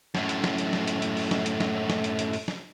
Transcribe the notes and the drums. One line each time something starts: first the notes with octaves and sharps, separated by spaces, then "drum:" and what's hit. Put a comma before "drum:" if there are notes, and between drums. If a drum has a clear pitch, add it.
F#2 A2, drum: snare
drum: hi-hat
drum: snare
drum: hi-hat
drum: snare
drum: hi-hat
drum: hi-hat
drum: open hi-hat
drum: snare
drum: hi-hat
drum: snare
drum: snare
drum: hi-hat
drum: hi-hat
drum: open hi-hat
drum: snare